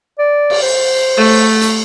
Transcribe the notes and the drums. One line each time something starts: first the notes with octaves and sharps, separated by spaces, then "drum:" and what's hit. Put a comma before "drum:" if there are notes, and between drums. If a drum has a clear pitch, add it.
D5
drum: cymbal
C5
A3, drum: cymbal
drum: hi-hat